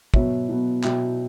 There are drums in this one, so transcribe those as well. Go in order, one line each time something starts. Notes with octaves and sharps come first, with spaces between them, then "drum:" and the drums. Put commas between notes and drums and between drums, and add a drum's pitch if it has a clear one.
B2 F#3 B3 C#5 E5, drum: kick
B2 F#3 B3
B2 F#3 B3 E5 G5, drum: clap